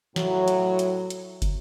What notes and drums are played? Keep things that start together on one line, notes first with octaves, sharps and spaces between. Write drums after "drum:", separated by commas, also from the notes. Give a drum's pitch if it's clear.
A2 F#3, drum: snare
drum: hi-hat
drum: hi-hat
drum: hi-hat
drum: kick, hi-hat